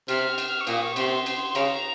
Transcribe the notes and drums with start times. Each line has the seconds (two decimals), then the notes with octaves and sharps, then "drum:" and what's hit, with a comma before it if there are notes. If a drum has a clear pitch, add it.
0.08 C3 F6, drum: cymbal
0.38 drum: cymbal
0.60 C#6
0.67 A#2 D#6, drum: cymbal
0.82 C#6
0.96 C3 C6, drum: cymbal
1.26 drum: cymbal
1.50 C6
1.55 C#3 A#5, drum: cymbal